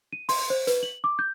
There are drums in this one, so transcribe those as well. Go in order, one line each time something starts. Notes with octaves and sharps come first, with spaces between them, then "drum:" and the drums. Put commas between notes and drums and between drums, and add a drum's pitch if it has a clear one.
D#7
C6, drum: open hi-hat
C5
B4, drum: hi-hat
F#7
D6
G6